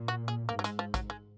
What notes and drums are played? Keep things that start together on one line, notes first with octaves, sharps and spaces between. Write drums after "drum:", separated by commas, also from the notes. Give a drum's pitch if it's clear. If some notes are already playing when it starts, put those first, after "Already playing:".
Already playing: A#2
F#4
G#4
G#2 A#3
F#3
G#3, drum: hi-hat
F3
F#3, drum: kick A1, hi-hat
G#3